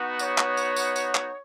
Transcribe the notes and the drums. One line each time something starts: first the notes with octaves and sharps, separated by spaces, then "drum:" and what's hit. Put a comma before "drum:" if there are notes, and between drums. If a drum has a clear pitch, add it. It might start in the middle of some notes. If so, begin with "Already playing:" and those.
Already playing: B3 D#4 F#4
C#5, drum: tambourine
drum: clap
drum: tambourine
drum: tambourine
drum: tambourine
drum: clap